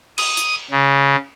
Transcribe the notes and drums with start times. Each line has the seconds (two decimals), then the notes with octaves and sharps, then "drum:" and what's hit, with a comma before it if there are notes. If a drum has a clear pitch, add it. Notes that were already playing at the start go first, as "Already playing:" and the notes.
0.18 D#6, drum: cymbal
0.37 drum: hi-hat
0.71 C#3